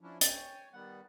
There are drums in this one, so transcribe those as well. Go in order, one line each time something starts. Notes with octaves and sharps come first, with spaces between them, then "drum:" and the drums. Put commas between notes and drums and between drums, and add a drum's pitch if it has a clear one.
F3 C#4 D4 E4
C#5 G5 G#5 A6, drum: hi-hat
D#3 G3 B3 F#5